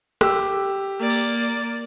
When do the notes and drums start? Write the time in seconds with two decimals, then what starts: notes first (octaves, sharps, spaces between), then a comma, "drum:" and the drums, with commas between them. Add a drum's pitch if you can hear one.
0.21 G4 E6, drum: rim click
0.99 A#3 D5
1.10 drum: cymbal